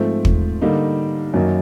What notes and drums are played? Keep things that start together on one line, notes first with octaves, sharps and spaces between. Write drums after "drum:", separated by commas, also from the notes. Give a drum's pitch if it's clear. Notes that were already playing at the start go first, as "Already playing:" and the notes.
Already playing: G#2 F3 A3 C4
drum: kick
D3 G3 A#3 D#4
F#2 D#3 F#3 A#3 D#4